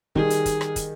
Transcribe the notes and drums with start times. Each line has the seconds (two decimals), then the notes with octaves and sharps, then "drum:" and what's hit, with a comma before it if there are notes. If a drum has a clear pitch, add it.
0.15 D#3 G3 G#4, drum: kick
0.30 drum: hi-hat
0.45 drum: kick, hi-hat
0.61 drum: rim click
0.76 drum: kick, hi-hat